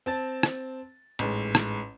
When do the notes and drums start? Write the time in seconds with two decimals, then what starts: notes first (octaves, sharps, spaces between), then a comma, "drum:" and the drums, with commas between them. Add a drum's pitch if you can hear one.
0.06 C4 A5 A6
0.43 drum: rim click
1.19 A1 G#2, drum: hi-hat
1.55 drum: rim click